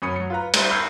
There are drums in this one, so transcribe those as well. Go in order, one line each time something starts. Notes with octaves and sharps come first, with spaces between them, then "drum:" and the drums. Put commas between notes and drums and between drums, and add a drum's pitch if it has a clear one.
F#2 C#4 B5 D#6 C#7
F#3 C#7
F4 B4 A#5
G3 C5 E5, drum: cymbal
B5 E6 F6 G6 G#6 C7